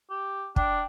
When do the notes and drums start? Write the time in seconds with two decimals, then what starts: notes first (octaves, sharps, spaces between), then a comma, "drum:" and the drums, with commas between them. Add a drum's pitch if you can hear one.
0.10 G4
0.56 D4 G5, drum: kick